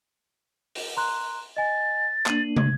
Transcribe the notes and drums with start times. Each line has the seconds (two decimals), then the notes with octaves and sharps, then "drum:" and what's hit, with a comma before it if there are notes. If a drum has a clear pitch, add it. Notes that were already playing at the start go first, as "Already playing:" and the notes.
0.75 drum: open hi-hat
0.97 A#5 C6 F#6
1.57 D#5 G#5 A6
2.26 A#3 D4 C7 D#7 F#7, drum: clap
2.56 G#6, drum: tom